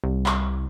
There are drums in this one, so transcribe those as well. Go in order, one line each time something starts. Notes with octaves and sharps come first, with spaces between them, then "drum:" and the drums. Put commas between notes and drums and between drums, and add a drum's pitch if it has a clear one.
C2
drum: clap